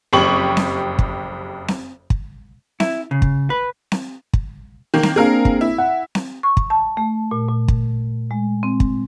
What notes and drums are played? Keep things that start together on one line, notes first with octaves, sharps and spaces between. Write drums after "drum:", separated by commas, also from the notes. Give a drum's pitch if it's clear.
F#1 F2 G4 C#6 F#7
drum: snare C4
drum: kick
drum: snare C4
drum: kick
E4, drum: snare C4
C#3
drum: kick
B4
drum: snare C4
drum: kick
D#3 A#3
drum: snare C4
A#3 C4 D4 G#4 A#4 F5
drum: kick
E4
F#5
drum: snare C4
C#6
drum: kick
A5
A3
A#2
A#2
drum: kick
G#3
C4
drum: kick